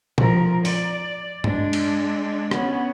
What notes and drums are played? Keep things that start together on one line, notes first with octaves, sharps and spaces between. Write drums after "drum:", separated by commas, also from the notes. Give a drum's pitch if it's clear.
F3 A#4, drum: tom A#2
D5, drum: open hi-hat
G#3 D4, drum: tom G2
drum: cymbal
B3 C#4, drum: rim click